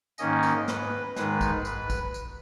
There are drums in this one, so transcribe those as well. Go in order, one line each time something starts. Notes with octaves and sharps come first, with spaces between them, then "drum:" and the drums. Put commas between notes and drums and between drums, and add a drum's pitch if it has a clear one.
G#2 D#3 A#3 C#4 D#5, drum: tambourine
drum: tambourine
B4, drum: snare
G#2 D#3 G#3 B4, drum: snare
drum: kick, tambourine
B4, drum: tambourine
drum: kick, tambourine
drum: tambourine